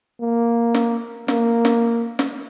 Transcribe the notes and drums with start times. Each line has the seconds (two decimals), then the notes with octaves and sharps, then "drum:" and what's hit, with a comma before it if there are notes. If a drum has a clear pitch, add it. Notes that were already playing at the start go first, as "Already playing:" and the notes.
0.21 A#3
0.74 drum: snare
1.28 A#3, drum: snare
1.65 drum: snare
2.19 drum: snare